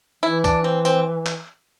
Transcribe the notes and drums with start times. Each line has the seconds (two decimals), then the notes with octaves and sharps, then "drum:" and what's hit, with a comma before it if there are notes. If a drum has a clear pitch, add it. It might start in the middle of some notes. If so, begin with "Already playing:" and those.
0.23 E3 E4
0.44 D4, drum: kick, tambourine
0.64 C4
0.85 C4, drum: tambourine
1.26 drum: clap